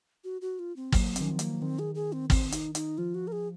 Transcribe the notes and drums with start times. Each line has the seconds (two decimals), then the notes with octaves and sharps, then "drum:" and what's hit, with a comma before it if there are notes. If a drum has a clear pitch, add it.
0.24 F#4
0.41 F#4
0.59 F4
0.76 C4
0.92 F#3 A#3, drum: kick, open hi-hat
1.16 C4, drum: hi-hat
1.20 D#3 C#4
1.27 F3 C4
1.39 A#3, drum: hi-hat
1.61 D#3 C4
1.79 G#4
1.95 G#4
2.13 C4
2.30 C4, drum: kick, open hi-hat
2.52 D#4, drum: hi-hat
2.75 D#4, drum: hi-hat
2.98 F3 F4
3.15 F#4
3.27 A#4
3.32 G#4